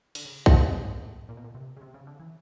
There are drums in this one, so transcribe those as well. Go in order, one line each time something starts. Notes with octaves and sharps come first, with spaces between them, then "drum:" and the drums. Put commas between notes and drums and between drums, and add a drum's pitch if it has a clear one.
D3, drum: cymbal
C#3
D3, drum: kick
C#3
G#2
A#2
A2
A#2
B2
A#2
C3
C#3
C3
C#3
D3
E3